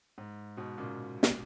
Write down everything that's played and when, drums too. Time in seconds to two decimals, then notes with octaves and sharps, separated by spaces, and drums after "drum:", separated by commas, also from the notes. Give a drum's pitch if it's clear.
0.18 G#2
0.57 G#2 B2
0.78 A#2 C#3
1.23 drum: snare